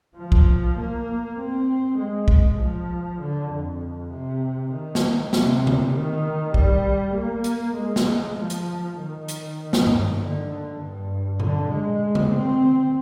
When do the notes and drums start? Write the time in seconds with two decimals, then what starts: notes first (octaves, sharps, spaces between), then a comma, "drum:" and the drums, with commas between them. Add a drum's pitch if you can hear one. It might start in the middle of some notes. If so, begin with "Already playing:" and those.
0.17 F3
0.32 drum: kick
0.78 A#3
1.38 C4
1.99 G#3
2.28 drum: kick
2.59 F3
3.20 D3
3.51 F2
4.12 C3
4.72 D#3
4.95 drum: snare
5.33 C3, drum: snare
5.67 drum: tom C#3
5.93 D#3
6.54 G3, drum: kick
7.14 A#3
7.44 drum: hi-hat
7.76 G#3
7.96 drum: snare
8.36 F3
8.50 drum: hi-hat
8.97 D#3
9.28 drum: hi-hat
9.73 drum: snare
9.86 drum: tom G2
10.18 D3
10.79 G2
11.40 D3, drum: tom A#2
11.70 G#3
12.15 drum: tom C#3
12.30 C4